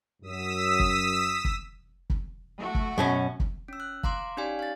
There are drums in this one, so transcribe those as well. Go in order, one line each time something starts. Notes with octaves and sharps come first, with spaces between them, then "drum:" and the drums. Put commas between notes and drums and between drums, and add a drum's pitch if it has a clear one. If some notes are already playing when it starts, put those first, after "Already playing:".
F#2 D#6 E6 B6
drum: kick
drum: kick
drum: kick
A3 F#4
drum: kick
F#2 B2 C#4
drum: kick
C#4 E6
F#6
F5 A#5 C6 D6, drum: kick
C#4 D#4 G4 D5 F5 G#5
F5 A6